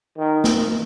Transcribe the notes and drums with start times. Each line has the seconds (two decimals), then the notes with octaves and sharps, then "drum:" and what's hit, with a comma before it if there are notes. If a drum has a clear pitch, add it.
0.18 D#3
0.44 drum: snare